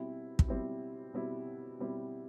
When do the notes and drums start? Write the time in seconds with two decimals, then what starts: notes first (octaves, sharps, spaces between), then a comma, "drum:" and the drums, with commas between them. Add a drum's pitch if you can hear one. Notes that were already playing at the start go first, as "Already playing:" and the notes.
Already playing: B2 G3 C4 E4
0.39 drum: kick
0.49 B2 G3 C4 E4
1.14 B2 G3 C4 E4
1.79 B2 G3 C4 E4